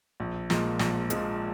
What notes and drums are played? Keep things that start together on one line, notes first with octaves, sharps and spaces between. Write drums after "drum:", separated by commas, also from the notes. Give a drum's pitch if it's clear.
A#1
A#2 F3 G#3, drum: snare
A#1, drum: snare
A#2 F3 G#3, drum: hi-hat